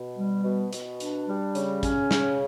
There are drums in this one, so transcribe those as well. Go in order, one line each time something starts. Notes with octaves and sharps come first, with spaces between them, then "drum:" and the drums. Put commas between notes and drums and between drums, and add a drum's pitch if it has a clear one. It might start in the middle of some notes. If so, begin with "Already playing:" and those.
Already playing: B2
G3
B2
B2, drum: hi-hat
D4, drum: hi-hat
G3
C#3, drum: hi-hat
C#4, drum: kick, hi-hat
C#3, drum: snare